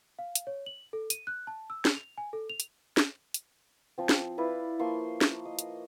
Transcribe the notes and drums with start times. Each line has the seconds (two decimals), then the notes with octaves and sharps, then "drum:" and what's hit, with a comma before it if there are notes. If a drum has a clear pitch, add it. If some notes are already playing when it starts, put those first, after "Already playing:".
0.19 F5
0.35 drum: hi-hat
0.47 C#5
0.66 F#7
0.93 A4
1.10 D#7, drum: hi-hat
1.27 F#6
1.47 A5
1.70 E6
1.85 drum: snare
1.96 F7
2.18 G#5
2.33 A4
2.50 F7
2.60 drum: hi-hat
2.97 drum: snare
3.34 drum: hi-hat
3.98 F3 C4
4.09 drum: snare
4.38 E4 B4 D5 F5
4.79 F3 A#3 C6 C#6
5.21 drum: snare
5.45 D#5
5.59 drum: hi-hat